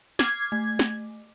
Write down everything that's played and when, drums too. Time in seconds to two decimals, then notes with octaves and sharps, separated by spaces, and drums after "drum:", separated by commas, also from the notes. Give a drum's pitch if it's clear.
0.19 D6 F6 G#6 C7, drum: snare
0.52 A3
0.79 drum: snare